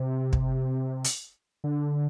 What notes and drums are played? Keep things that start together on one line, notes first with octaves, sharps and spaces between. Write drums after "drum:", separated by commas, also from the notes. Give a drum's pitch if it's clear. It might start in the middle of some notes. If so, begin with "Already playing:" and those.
Already playing: C3
drum: kick
drum: hi-hat
D3